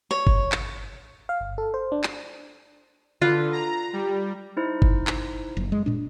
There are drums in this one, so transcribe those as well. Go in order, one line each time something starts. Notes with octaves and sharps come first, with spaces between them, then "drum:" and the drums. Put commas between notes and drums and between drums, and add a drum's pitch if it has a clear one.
C#5
drum: kick G1
drum: clap
F5
G1
A4
C5
D4
drum: clap
D3 F4 B4
A#5
G3
D#4 E4 C5
drum: kick G1
drum: clap
F#1
G#3
A#2 D4